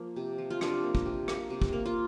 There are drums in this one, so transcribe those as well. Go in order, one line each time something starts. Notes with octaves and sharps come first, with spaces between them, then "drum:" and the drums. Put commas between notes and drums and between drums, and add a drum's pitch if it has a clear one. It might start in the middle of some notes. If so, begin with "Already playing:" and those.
Already playing: F3 A#3
C3
F3
F4
C3 D4, drum: rim click
A#3
drum: kick
C3
A#3, drum: rim click
C3
drum: kick
A#3
F4